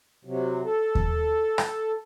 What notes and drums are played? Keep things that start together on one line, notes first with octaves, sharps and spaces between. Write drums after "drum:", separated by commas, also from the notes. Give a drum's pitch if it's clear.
C3 F#3
A4
drum: kick D#2
drum: rim click